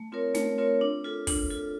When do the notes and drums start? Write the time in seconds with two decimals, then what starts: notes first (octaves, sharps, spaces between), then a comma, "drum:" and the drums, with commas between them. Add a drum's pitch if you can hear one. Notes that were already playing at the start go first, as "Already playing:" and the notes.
Already playing: A3
0.12 C4 F4 A#4 C#5
0.35 A3, drum: snare
0.58 C4 F4 A#4 C#5
0.81 D4
1.04 F4 A4
1.27 D4, drum: kick, open hi-hat
1.50 F4 A4